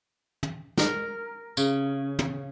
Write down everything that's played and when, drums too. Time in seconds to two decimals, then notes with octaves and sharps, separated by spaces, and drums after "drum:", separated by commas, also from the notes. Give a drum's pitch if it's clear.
0.43 drum: tom
0.77 A#4, drum: snare
1.57 C#3, drum: tambourine
2.19 drum: tom